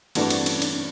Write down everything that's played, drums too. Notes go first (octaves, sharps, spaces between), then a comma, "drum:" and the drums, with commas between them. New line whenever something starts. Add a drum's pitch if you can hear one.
G2 E3 A3 C4 D4 F#4, drum: cymbal
C4, drum: cymbal
C#4, drum: cymbal
D4, drum: cymbal